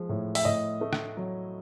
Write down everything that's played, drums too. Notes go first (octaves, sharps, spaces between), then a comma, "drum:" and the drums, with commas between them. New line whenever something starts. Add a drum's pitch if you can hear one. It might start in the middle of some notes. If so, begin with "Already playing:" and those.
Already playing: F3 G#3
A2
E5, drum: open hi-hat
A2 D#5
A3
drum: rim click
F#3